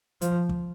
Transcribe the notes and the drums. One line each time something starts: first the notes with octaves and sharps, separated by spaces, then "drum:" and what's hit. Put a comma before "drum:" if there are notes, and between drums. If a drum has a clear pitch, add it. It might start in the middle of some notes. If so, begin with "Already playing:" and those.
F3, drum: hi-hat
drum: kick